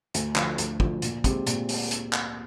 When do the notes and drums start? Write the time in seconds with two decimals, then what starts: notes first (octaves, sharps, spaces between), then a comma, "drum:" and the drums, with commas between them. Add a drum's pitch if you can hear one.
0.14 D2, drum: hi-hat
0.36 D3 F3, drum: clap
0.58 D2, drum: hi-hat
0.80 D3 F3, drum: kick
1.02 A#2, drum: hi-hat
1.24 G#3 C4 G4, drum: kick, hi-hat
1.47 A#2, drum: hi-hat
1.69 drum: open hi-hat
1.91 drum: hi-hat
2.13 drum: clap